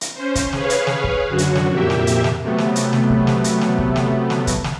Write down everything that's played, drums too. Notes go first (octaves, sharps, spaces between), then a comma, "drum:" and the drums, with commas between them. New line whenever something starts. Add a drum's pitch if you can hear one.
drum: hi-hat
C#4 C5
drum: kick, hi-hat
G#4 B4 C#5 F5, drum: snare
drum: hi-hat
drum: snare
drum: kick
F#2 D3 F#3 F#4
drum: hi-hat
drum: snare
F2 A#2 A#3 G4 E5
drum: snare
drum: hi-hat
drum: snare
C3 F#3 A3 B3
drum: snare
drum: hi-hat
drum: snare
drum: kick
drum: snare
drum: hi-hat
drum: snare
drum: kick
drum: snare
drum: snare
drum: kick, hi-hat
drum: snare